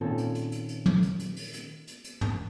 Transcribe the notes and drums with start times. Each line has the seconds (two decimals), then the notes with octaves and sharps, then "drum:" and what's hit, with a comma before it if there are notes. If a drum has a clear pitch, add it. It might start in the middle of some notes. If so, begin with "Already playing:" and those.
0.01 A#2 D#3 C4 C#4 F4 A4
0.18 drum: hi-hat
0.35 drum: hi-hat
0.52 drum: hi-hat
0.69 drum: hi-hat
0.86 drum: tom
1.03 drum: hi-hat
1.20 drum: hi-hat
1.37 drum: open hi-hat
1.53 drum: hi-hat
1.87 drum: hi-hat
2.04 drum: hi-hat
2.21 drum: tom